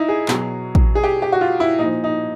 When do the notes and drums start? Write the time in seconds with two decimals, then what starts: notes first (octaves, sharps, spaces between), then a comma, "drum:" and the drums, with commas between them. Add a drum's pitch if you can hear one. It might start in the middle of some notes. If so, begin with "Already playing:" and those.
Already playing: D#4 E4
0.09 G#4
0.28 B2 F#3, drum: clap
0.75 drum: kick A1
0.95 G#4
1.03 G4
1.22 G4
1.32 F#4
1.41 F4
1.60 E4
1.79 A#2 F3 D#4
2.04 D#4